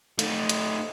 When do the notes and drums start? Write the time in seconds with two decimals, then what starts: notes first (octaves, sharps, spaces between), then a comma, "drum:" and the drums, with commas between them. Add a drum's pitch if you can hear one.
0.19 A3 D#4, drum: hi-hat
0.49 drum: hi-hat